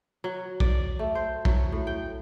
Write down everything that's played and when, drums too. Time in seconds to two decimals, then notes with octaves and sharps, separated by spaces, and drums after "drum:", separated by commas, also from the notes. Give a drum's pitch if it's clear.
0.24 F#3
0.60 D5, drum: kick
0.99 A3
1.15 C5
1.45 F#3, drum: kick
1.72 A2
1.87 G5